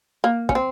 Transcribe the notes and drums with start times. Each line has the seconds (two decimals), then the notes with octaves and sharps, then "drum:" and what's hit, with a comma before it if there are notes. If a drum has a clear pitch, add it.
0.24 A#3
0.49 C#4, drum: kick
0.55 C4